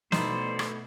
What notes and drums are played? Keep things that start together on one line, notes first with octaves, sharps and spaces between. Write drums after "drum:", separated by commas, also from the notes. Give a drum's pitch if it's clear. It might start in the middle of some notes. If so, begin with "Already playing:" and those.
B2 A3 D#4 E4 C5 D5, drum: snare
drum: rim click